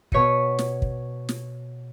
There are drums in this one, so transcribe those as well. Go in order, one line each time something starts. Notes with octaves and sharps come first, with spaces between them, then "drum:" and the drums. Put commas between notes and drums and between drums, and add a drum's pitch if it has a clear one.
B2 C#5 B6 C#7 D#7, drum: kick
drum: snare
drum: kick
drum: snare